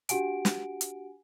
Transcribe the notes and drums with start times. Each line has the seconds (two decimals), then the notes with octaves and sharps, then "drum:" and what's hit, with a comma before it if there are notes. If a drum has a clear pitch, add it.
0.09 D4 F#4 G4 F#5 G#5 D7, drum: hi-hat
0.45 drum: snare
0.81 drum: hi-hat